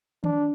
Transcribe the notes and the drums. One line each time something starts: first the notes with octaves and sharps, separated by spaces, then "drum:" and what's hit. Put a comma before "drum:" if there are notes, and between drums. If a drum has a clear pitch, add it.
D4, drum: tom D#3